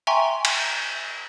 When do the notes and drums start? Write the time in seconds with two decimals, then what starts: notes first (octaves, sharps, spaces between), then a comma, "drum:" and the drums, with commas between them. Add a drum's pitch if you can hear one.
0.07 E5 G5 G#5 A#5 C6 C#6
0.45 drum: cymbal